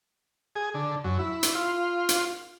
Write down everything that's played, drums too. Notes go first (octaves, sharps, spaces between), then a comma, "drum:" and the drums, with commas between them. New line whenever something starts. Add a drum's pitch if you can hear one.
G#4
D3
F#2
E4
drum: hi-hat
F4
drum: hi-hat